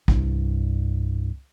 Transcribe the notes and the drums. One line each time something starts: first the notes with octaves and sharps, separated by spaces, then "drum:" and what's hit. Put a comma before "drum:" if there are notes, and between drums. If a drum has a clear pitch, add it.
C2 G2, drum: kick A1